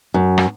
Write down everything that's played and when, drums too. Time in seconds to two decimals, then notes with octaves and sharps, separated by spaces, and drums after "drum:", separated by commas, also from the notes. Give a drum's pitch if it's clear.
0.14 F#2
0.38 drum: rim click